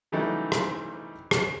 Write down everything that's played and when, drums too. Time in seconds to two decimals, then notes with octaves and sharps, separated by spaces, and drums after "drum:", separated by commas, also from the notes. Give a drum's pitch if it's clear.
0.12 C#3 E3 F#3 G3 A3 D#4
0.52 drum: rim click
1.31 drum: rim click